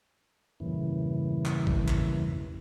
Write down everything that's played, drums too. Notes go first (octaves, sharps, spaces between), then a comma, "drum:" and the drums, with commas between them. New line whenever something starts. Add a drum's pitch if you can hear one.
E2 G2 A#2 C#3 E3
drum: clap
drum: kick
drum: clap